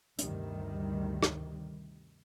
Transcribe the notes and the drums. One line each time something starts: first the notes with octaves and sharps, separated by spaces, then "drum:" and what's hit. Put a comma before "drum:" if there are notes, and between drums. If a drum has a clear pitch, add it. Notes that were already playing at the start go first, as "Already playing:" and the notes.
D2 G2 C3 D#3 G3, drum: hi-hat
drum: rim click